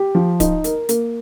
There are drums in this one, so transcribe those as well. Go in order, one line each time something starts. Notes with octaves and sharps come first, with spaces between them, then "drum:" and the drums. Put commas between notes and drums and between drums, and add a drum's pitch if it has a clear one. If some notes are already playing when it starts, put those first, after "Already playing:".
Already playing: G4
F3
D#4, drum: kick D1, hi-hat
A#4, drum: hi-hat
A#3, drum: hi-hat